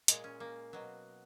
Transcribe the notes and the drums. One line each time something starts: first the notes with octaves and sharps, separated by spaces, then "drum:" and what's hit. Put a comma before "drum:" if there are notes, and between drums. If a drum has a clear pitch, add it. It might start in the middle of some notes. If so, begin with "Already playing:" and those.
A#2 G#3, drum: hi-hat
C#4
A#3
B2 F#3